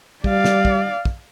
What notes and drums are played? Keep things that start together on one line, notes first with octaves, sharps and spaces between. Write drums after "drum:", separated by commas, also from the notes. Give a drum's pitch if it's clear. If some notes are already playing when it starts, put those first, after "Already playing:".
G3 D5 F5, drum: kick
drum: snare
drum: kick
drum: kick